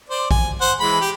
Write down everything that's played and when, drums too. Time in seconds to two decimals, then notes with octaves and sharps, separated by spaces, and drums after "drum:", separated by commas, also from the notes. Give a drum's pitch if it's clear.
0.09 C5 D5
0.31 G#5, drum: kick A#1
0.61 C5 F#5
0.80 E3 G#3 B5
1.01 G4